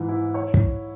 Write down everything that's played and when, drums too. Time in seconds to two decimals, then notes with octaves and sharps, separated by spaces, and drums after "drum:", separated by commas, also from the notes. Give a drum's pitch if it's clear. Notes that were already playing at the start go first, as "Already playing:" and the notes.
Already playing: G#2 E3
0.09 E4
0.34 C#5
0.54 drum: kick